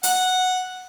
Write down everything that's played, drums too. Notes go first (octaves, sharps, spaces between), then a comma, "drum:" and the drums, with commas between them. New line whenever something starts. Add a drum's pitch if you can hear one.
F#5, drum: hi-hat